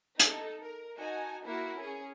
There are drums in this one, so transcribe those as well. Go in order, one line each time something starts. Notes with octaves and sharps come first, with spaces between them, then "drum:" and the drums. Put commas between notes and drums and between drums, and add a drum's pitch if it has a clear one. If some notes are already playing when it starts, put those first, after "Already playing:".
D#4 A4, drum: hi-hat
A#4
D#4 F#4 G#5 A5
A#3 E4 F#4 A#4
C#4 G#4